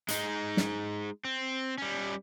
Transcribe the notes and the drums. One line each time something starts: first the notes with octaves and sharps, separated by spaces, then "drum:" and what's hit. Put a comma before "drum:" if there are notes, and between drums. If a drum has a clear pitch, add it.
G#3 D#4, drum: hi-hat
drum: snare
C4
G3 C#4